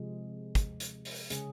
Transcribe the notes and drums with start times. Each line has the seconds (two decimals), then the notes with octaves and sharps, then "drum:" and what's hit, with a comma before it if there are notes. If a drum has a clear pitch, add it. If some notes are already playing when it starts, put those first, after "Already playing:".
Already playing: C3 F3 G#3
0.55 drum: kick, hi-hat
0.80 drum: hi-hat
1.05 drum: open hi-hat
1.30 C#3 G#3 C#4 G#4, drum: hi-hat